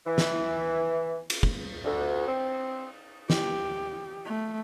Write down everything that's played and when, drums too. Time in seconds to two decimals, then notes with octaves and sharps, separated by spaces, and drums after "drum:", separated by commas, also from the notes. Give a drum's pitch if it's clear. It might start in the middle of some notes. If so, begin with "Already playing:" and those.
0.07 E3
0.18 drum: snare
1.30 drum: cymbal
1.43 drum: kick
1.84 D2
2.27 C4
3.30 G4, drum: snare
4.26 A3